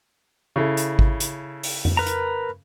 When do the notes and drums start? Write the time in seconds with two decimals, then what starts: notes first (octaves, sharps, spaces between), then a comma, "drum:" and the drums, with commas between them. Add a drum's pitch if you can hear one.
0.56 C#3 E4 A4
0.77 drum: hi-hat
0.99 drum: kick G#1
1.20 drum: hi-hat
1.63 drum: open hi-hat
1.85 drum: tom F2
1.97 A#4 B4 A#5
2.06 drum: hi-hat